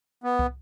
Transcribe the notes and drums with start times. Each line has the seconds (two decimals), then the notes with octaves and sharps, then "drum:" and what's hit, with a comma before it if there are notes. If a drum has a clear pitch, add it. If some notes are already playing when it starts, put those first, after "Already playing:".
0.24 B3
0.39 drum: kick